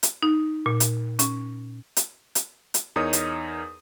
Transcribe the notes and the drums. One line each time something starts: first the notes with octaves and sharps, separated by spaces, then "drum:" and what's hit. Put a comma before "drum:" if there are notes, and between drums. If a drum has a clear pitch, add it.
drum: hi-hat
D#4
A#2
drum: hi-hat
C#4, drum: hi-hat
drum: hi-hat
drum: hi-hat
drum: hi-hat
E2 D#4 A#4 C#5 D#6
drum: hi-hat